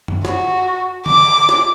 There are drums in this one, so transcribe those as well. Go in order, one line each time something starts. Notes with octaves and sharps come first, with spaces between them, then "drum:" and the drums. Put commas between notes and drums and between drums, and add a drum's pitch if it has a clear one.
drum: tom F#2
F#4, drum: snare
D6, drum: tom D3
drum: snare